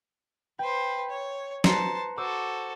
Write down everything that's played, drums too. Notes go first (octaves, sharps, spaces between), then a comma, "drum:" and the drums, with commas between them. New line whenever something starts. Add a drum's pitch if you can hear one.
B4 C5 G5
C#5
B4 C5 A5 A#5 C#7, drum: snare
F#4 A4 C5 D6 E6